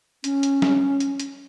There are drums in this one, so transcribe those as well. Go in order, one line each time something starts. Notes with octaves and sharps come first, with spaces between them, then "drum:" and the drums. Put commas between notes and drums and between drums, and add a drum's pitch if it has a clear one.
C#4, drum: hi-hat
drum: hi-hat
drum: snare
drum: hi-hat
drum: hi-hat